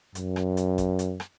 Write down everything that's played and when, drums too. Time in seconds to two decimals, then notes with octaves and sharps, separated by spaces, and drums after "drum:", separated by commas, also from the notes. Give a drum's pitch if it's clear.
0.15 F#2, drum: hi-hat
0.36 drum: rim click
0.57 drum: hi-hat
0.78 drum: kick G#1, hi-hat
0.99 drum: hi-hat
1.20 drum: rim click